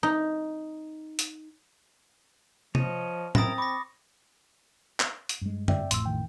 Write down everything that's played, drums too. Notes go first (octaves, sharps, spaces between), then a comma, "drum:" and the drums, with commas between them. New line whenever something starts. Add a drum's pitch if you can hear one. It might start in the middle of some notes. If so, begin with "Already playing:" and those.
D#4
drum: hi-hat
F3 C#5 D#5, drum: tom C3
C4 E4 A#4 D#6 A6 A#6, drum: tom
B5 C#6 D6 A#6
drum: clap
drum: hi-hat
G2 G#3
D5 E5 G5, drum: tom F#2
A1 F2 A2 C6 E6, drum: hi-hat
D#2 D#3 G5